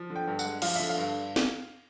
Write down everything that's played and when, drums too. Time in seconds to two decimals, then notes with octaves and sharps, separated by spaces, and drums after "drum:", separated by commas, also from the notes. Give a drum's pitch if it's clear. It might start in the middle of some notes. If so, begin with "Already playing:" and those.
Already playing: F3
0.10 D3
0.16 G5
0.27 G2
0.39 F#5, drum: tambourine
0.45 G#3
0.62 F3 F5, drum: cymbal
0.76 D3 E5
0.89 F5
0.97 G2
1.36 drum: snare